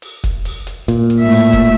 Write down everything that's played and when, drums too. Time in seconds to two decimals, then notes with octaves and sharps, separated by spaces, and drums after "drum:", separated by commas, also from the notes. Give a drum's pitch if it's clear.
0.02 drum: open hi-hat
0.24 drum: kick, hi-hat
0.45 drum: open hi-hat
0.67 drum: hi-hat
0.88 A#2, drum: hi-hat
1.10 drum: hi-hat
1.20 A2 E5
1.31 drum: open hi-hat
1.53 drum: kick, hi-hat